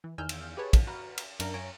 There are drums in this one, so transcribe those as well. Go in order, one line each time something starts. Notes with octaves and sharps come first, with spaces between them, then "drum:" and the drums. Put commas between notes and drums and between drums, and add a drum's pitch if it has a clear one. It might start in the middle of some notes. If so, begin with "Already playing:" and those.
E3
E2 D#3 G#5 E6 F6 G6
drum: cymbal
G4 G#4 B4 C#5 A5
drum: kick, cymbal
F#4 B4 A#5 F6
drum: cymbal
F#2 D4 A#4, drum: cymbal
F#2 C#5 G#5 A#5 A#6 D7